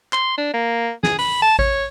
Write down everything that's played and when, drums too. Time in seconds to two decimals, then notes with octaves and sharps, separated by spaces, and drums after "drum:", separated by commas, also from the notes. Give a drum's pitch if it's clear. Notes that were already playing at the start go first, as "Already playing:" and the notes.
0.13 C6, drum: clap
0.38 D4
0.54 A#3
1.03 G#4, drum: snare
1.19 B5, drum: open hi-hat
1.42 A5
1.59 C#5, drum: kick A1